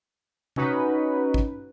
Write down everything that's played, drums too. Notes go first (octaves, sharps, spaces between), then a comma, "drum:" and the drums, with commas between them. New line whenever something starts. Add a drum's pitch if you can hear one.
C#4 D#4 F#4 B4, drum: tom C3
drum: kick